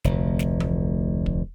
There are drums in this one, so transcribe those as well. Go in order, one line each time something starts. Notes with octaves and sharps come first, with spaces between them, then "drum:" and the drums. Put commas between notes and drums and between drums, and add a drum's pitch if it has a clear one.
F1 D2, drum: snare
drum: snare
drum: tom E3
drum: kick